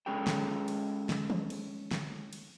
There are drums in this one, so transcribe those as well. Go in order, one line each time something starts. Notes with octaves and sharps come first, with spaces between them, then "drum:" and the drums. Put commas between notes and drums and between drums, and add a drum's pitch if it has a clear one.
G#3 C#4 G#4 A4 G5
drum: snare
drum: cymbal
drum: snare
drum: tom D#3
drum: cymbal
drum: snare
drum: cymbal